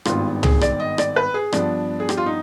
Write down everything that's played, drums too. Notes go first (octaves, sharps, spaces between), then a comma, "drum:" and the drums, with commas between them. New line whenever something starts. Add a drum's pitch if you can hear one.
G#1 G2 D#3 B3 F4, drum: rim click
G#4, drum: tom
D5, drum: rim click
D#5
D5, drum: rim click
B4
G#4
G2 F3 B3 D4, drum: rim click
G#4
G4, drum: rim click
F4
D#4